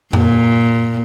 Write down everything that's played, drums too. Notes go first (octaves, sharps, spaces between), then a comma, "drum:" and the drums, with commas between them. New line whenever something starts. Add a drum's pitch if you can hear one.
A#2, drum: tom F2